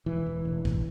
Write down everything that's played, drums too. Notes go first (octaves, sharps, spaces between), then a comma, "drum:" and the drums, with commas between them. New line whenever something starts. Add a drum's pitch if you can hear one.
E1 E3
E1
E1
E1, drum: kick